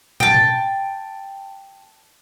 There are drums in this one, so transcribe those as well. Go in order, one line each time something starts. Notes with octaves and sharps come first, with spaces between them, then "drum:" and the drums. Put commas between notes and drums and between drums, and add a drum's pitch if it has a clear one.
G5 A5, drum: tom
drum: tom B2